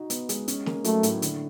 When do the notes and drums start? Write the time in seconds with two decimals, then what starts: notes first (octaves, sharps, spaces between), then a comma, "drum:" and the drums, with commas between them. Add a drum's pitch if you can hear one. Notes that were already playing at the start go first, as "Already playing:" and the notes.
Already playing: D#4 F#4
0.10 B3, drum: hi-hat
0.29 G#3, drum: hi-hat
0.48 C#4, drum: hi-hat
0.66 A#3, drum: snare
0.84 F#3 A3, drum: hi-hat
1.03 A2, drum: hi-hat
1.22 D3, drum: hi-hat